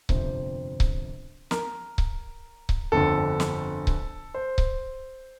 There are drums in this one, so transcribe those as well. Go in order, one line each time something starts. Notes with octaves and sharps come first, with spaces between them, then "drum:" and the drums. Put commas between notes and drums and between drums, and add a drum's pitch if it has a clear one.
G1 F2 C3 C5, drum: kick C#1
drum: kick C#1
A#4, drum: snare
drum: kick C#1
drum: kick C#1
G1 F2 D3 A4
drum: snare
drum: kick C#1
C5
drum: kick C#1